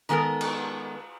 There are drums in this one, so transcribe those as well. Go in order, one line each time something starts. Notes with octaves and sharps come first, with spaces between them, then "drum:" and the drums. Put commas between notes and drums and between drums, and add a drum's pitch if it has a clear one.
D#3 G#3 B3 A4 A#4
drum: cymbal